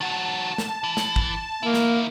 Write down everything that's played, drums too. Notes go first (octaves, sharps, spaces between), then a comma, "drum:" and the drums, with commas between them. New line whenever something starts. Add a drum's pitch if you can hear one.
D#3 F#4 A5
drum: snare
E3
drum: snare
drum: kick
D#3 A#3 E4
drum: snare